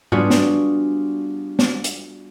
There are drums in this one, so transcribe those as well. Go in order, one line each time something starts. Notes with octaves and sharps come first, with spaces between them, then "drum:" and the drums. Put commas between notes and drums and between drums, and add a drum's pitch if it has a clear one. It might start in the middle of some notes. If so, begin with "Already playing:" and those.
G3 B3 D4 F4 F#4 G#4, drum: tom G#2
drum: snare
drum: snare
drum: hi-hat